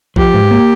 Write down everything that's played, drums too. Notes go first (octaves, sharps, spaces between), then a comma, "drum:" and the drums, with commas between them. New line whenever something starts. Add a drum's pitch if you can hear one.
F3 G4, drum: kick
G#2
A#3